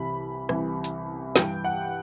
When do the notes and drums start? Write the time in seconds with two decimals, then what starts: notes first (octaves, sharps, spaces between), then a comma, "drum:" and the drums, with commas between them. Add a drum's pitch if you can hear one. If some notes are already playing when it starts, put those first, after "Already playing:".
Already playing: C2 C3 E3 B5
0.49 C2 C3 E3, drum: rim click
0.84 drum: hi-hat
1.36 G2 E3 G5, drum: snare
1.64 F#5